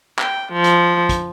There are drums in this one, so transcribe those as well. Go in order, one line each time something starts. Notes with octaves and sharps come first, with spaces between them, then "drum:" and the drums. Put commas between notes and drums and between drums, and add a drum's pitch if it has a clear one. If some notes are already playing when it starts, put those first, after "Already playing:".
G5, drum: clap
F3
drum: hi-hat
drum: kick, hi-hat